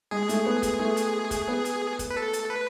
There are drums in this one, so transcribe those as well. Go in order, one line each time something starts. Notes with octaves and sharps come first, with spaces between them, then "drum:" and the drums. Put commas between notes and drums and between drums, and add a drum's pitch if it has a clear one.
G#3 G#4
A3, drum: hi-hat
B3
drum: kick, hi-hat
A3
drum: hi-hat
drum: kick, hi-hat
B3
drum: hi-hat
drum: kick, hi-hat
B4
A4
drum: hi-hat
B4